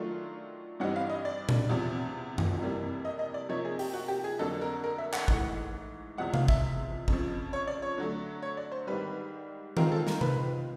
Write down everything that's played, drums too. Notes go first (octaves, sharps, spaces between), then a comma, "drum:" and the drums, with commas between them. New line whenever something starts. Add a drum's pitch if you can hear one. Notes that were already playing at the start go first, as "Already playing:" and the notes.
Already playing: D#3 F#3 A3 D4 F4
G2 E3 G3 C4 D#4 F#5
F5
D#5
D5
drum: tom A#2
E2 C3 F3
drum: tom F#2
F2 C3 E3 G3 A#3
D#5
D#5
D5
C3 F3 A#3 D#4 C#5
G#4
G4, drum: open hi-hat
F#4
G4
G#4
F2 D3 F#3 A#3 A4
A#4
A#4
E5
F#5, drum: clap
G#2 E3 A3, drum: kick
E2 C3 F3 G#3 F#5
F5, drum: tom C3
E5, drum: kick
F2 C#3 F3, drum: kick
C#5
D5
C#5
D3 F#3 A3
C#5
D5
C5
G#2 D#3 G3 B4
D#3 G#3 C4 F4 A#4, drum: tom D#3
A4
A#4, drum: snare
B4, drum: tom C3